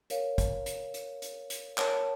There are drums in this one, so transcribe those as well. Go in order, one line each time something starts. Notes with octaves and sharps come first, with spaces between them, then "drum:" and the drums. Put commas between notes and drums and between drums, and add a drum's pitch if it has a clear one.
A#4 C#5 F5, drum: hi-hat
drum: kick, hi-hat
drum: hi-hat
drum: hi-hat
drum: hi-hat
drum: hi-hat
A#4 C#5 F#5 A5, drum: clap